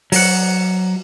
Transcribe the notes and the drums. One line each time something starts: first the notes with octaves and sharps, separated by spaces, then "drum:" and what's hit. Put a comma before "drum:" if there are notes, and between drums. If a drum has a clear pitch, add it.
F#3 F#5, drum: open hi-hat